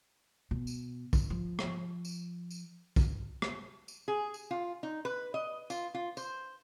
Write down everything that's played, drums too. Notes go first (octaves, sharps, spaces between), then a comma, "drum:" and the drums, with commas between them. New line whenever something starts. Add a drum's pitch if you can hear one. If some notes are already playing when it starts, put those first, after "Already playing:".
B2
drum: tambourine
drum: kick A#1, tambourine
F3
drum: rim click
drum: tambourine
drum: tambourine
drum: kick A#1, tambourine
drum: rim click
drum: tambourine
G#4
drum: tambourine
F4
D#4
B4
D#5
F4, drum: tambourine
F4
C5, drum: tambourine